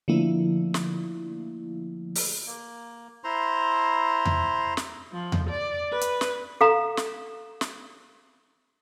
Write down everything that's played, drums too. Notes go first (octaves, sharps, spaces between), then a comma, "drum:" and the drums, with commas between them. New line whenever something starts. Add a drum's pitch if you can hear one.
D3 F3 A3 A#3 E4
drum: snare
drum: open hi-hat
A#3
E4 C5 A#5 C6
drum: tom E2
drum: snare
F3
drum: tom E2
D5
B4
drum: hi-hat
drum: snare
A4 F5 A#5
drum: snare
drum: snare